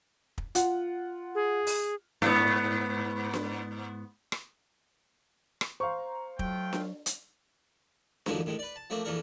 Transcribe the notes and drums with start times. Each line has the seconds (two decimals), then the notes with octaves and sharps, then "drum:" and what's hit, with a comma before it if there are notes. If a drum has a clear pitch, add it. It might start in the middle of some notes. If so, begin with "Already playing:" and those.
0.38 drum: kick
0.55 F4 F#5, drum: hi-hat
1.35 G#4
1.67 drum: open hi-hat
2.22 G#2 B3, drum: snare D4
3.34 drum: snare D4
4.32 drum: rim click
5.61 drum: rim click
5.80 C5 F5 A#5 C#6
6.39 F#3 A3 F4 G5, drum: kick
6.73 drum: snare D4
7.06 drum: hi-hat
8.26 F#2 D3 E3 F3 G#3 D#4, drum: snare D4
8.46 A2 D#3 G#3
8.59 B4 D5
8.76 A5
8.90 F3 A3 A#3 C4 D4
9.05 A#1 F2 E3 D4 A4 A#4